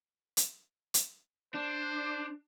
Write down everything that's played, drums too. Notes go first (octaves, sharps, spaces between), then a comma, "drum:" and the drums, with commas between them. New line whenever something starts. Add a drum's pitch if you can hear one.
drum: hi-hat
drum: hi-hat
D4 C5